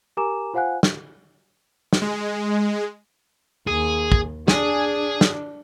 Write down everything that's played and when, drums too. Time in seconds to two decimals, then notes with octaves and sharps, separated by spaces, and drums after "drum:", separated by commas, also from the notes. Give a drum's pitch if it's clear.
0.17 G4 A#4 G#5 A#5 D6 E7
0.54 F4 C5 F5 F#5 G#5 F#6
0.83 drum: snare
1.93 drum: snare
2.02 G#3
3.67 D#2 G#4
4.12 drum: kick
4.48 D4 G#4 G#5, drum: snare
5.21 drum: snare